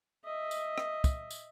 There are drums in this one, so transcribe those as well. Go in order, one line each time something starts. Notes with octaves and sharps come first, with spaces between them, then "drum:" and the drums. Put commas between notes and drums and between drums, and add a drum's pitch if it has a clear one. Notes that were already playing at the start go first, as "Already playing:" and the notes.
D#5 E5
drum: tambourine
drum: rim click
drum: kick, tambourine
drum: tambourine